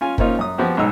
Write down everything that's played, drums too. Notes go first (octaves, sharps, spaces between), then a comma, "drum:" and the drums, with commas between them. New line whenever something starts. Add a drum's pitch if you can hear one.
C#4 F4 G#5
A#2 A#3 C4 C#4 D#4 F4, drum: kick
F#2 D#6
F3 B3 C4 F#4 G4
B1 G#2 D#4 E6